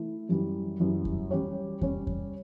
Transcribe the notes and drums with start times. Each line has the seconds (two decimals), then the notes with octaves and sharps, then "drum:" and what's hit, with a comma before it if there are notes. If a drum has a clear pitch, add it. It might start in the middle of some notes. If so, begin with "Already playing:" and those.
Already playing: E3 A3 E4
0.29 F#2 E3 G3
0.80 F#2 E3 G3
1.05 drum: kick E2
1.31 G3 C#4 G4 C#5
1.81 G3 C#4 G4 C#5, drum: kick E2
2.07 drum: kick E2